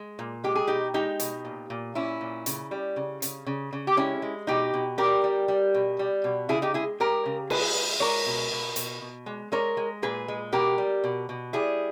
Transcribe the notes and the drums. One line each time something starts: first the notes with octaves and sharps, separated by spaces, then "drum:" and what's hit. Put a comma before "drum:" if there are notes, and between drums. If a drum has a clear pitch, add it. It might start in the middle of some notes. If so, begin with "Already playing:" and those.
Already playing: G#3
A#2
G#3 G4
G#4
B2 D#4 G4
G#3 D#4 G4
B2, drum: hi-hat
A#2
A#2
A#2 C#4 E4
A#2
C#3, drum: hi-hat
G3
C#3
C#3, drum: hi-hat
C#3
C#3
G4
G#3 C#4 E4
G#3
B2 D#4 G4
B2
G3 G4 A#4
G3
G3
B2
G3
B2
C#3 E4 G#4
D#4 G4
G#3 E4 G#4
G#3 G4 A#4
C#3
G#3 G#4 B4, drum: cymbal
G#3
G#3 A#4 C#5
B2
B2
B2, drum: hi-hat
B2
G#3
G#3 A#4 C#5
G#3
A#2 G#4 B4
G#3
B2 G4 A#4
G3
B2
B2
G3 E4 G#4